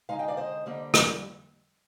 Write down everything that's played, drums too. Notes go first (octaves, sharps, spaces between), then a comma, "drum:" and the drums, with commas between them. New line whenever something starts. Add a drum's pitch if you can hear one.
D3 G#3 D#4 F5 G#5
D#5 G5
D5 F5
C5 D#5
D3 G3 A#3
drum: rim click